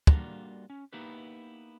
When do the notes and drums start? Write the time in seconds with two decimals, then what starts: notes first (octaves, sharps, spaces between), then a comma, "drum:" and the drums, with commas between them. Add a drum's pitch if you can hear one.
0.07 G3 A#3 D4 F4 F#4 A4, drum: kick
0.70 C#4
0.93 A#3 B3 D#4 E4 G4 B4